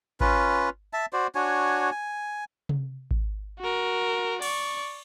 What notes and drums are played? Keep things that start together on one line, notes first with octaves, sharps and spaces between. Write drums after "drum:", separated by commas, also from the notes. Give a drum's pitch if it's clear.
C#4 F4 B4, drum: kick G#1
E5 A5
F#4 C5 D5
D4 F#4 C#5 G#5
G#5
drum: tom C3
drum: kick G#1
F#4 A#4
D5 C#6, drum: cymbal